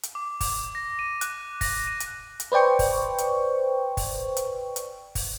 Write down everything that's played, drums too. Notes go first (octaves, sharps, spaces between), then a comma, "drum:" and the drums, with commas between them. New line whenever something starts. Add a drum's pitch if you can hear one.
drum: hi-hat
D6
D6, drum: kick, open hi-hat
A#6
D#7
F#6, drum: hi-hat
A#6, drum: kick, open hi-hat
D#7
drum: hi-hat
drum: hi-hat
B4 C5 D5 G5 C#6
drum: kick, open hi-hat
drum: hi-hat
drum: kick, open hi-hat
drum: hi-hat
drum: hi-hat
drum: kick, open hi-hat